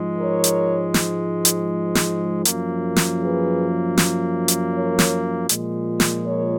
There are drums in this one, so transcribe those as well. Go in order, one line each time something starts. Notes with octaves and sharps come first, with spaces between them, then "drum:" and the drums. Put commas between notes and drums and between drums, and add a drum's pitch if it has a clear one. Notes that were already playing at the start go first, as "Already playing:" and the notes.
Already playing: G#2 F3 G#3
A#4 C#5
drum: hi-hat
drum: snare
drum: hi-hat
drum: snare
F#2 F3 A#3, drum: hi-hat
drum: snare
G#4 B4
drum: snare
drum: hi-hat
A#4 C#5
drum: snare
A#2 F3 G#3, drum: hi-hat
drum: snare
A#4 C#5